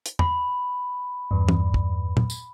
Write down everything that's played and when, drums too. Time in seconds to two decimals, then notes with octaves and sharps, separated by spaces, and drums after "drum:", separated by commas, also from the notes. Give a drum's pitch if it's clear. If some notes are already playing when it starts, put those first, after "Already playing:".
0.06 drum: hi-hat
0.19 B5, drum: tom
1.31 E2 G2
1.49 drum: tom
1.74 drum: kick
2.17 drum: tom
2.30 drum: tambourine